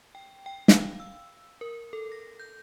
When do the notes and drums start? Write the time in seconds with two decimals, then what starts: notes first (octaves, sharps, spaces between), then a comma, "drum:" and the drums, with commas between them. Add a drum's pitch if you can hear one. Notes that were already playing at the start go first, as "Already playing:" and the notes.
0.15 G5
0.46 G5
0.68 F5, drum: snare
1.00 E6
1.61 A#4
1.93 A4
2.12 A#6
2.40 G6